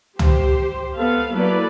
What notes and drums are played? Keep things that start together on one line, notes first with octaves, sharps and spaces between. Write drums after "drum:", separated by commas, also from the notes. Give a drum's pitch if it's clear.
G4 C5, drum: tom
B3 A4 F5
F#3 A#3 E4 A4 B4 D5